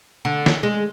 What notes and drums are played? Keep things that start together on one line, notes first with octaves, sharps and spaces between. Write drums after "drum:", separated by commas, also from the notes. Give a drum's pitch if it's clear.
D3
drum: snare
G#3